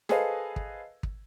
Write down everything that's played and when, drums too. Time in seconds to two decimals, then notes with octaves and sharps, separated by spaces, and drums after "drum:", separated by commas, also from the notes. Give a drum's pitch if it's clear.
0.09 G#4 A4 B4 C5 D#5 F5, drum: snare
0.56 drum: kick
1.03 drum: kick